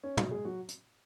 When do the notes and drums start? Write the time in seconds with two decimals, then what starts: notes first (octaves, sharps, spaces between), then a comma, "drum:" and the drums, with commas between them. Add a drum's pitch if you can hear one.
0.03 C#4 C#5
0.17 F#3 F#4, drum: tom
0.31 G#3 G#4
0.45 F#3 F#4
0.68 drum: hi-hat